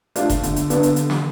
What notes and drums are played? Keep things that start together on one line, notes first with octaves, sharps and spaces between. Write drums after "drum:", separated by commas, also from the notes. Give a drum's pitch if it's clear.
A3 D4 F4, drum: hi-hat
drum: kick E1, hi-hat
D3, drum: hi-hat
drum: hi-hat
D3 B3 D4, drum: hi-hat
drum: hi-hat
D3, drum: hi-hat
drum: snare